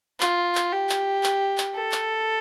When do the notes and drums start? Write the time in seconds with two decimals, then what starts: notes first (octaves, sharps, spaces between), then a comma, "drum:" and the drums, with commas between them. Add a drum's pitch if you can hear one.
0.20 F4, drum: clap
0.55 drum: clap
0.72 G4
0.89 drum: clap
1.24 drum: clap
1.58 drum: clap
1.74 A4
1.92 drum: clap